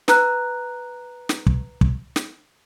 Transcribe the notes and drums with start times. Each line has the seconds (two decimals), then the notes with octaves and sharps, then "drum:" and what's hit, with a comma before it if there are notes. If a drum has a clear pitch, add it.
0.08 B4 A#5 F#6, drum: snare
1.29 drum: snare
1.46 drum: kick
1.81 drum: kick
2.16 drum: snare